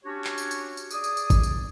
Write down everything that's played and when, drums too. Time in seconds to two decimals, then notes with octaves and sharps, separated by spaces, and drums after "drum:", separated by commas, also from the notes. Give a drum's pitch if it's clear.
0.04 C#4 D4 F#4 G4 C#5
0.24 drum: clap
0.38 drum: tambourine
0.51 drum: tambourine
0.77 drum: tambourine
0.91 G#4 D5 D6 D#6, drum: tambourine
1.04 drum: tambourine
1.17 drum: tambourine
1.30 drum: kick G#1, tambourine
1.43 drum: tambourine